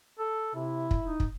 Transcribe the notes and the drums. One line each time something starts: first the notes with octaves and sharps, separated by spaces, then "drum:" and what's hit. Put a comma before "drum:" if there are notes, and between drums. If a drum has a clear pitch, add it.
A4
C3 E4
drum: kick
D#4
drum: kick